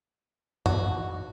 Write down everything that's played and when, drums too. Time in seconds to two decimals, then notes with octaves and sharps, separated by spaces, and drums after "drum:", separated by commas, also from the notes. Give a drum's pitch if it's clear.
0.66 F#4, drum: tom F#2